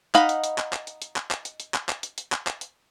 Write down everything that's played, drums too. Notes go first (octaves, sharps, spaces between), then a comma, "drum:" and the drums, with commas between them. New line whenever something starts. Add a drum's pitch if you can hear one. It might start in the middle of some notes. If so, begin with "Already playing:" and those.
D#4 D#5 F5 F#5 B5, drum: clap
drum: hi-hat
drum: hi-hat
drum: clap
drum: clap
drum: hi-hat
drum: hi-hat
drum: clap
drum: clap
drum: hi-hat
drum: hi-hat
drum: clap
drum: clap
drum: hi-hat
drum: hi-hat
drum: clap
drum: clap
drum: hi-hat